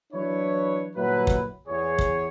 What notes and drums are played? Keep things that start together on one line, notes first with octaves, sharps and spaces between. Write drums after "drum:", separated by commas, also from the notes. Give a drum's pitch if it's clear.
E3 F#3 D4 E4 B4 C#5
G1 A#2 F#3 E4 B4
drum: kick
E2 G#4 C#5
drum: kick